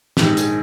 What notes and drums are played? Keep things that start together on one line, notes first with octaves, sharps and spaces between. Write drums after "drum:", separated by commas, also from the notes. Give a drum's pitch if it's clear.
A#1 G#2 D#3 G#3 G4, drum: snare
G#4, drum: hi-hat